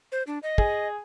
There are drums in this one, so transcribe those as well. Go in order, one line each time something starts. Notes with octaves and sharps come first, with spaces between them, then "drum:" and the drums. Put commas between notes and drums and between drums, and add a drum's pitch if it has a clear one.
C5
D4
D#5
G#4, drum: kick